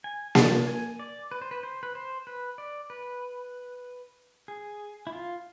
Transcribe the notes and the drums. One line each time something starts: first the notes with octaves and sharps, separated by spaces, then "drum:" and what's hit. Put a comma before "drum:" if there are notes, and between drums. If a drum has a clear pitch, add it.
G#5
A5, drum: snare A#3
G#5
D5
B4
C5
B4
C5
B4
C5
B4
D5
B4
G#4
E4
F4